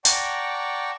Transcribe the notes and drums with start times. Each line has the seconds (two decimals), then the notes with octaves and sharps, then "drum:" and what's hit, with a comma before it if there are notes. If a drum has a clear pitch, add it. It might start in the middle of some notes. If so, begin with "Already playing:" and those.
0.05 D5 F#5 G5 A5 A#5 C#6, drum: hi-hat